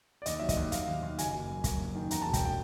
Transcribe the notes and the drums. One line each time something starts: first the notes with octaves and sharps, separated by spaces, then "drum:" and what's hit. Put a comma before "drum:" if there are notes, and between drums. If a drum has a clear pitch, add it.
D5
D#2 D#5, drum: hi-hat
F#3 E5
D#5, drum: kick, hi-hat
D#2
D#2 F5, drum: hi-hat
D#2
D#2
F#1 G#5, drum: hi-hat
F#1
F#2
F#2, drum: kick, hi-hat
F#1
D#3
E2 A#5, drum: hi-hat
A5
E1
G5, drum: kick, hi-hat
G5